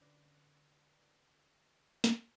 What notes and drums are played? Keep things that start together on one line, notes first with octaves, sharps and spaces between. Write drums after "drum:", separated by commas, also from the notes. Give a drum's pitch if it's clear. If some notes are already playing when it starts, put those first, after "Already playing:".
D3 C#4 B4 D5 F#6 A#6
drum: snare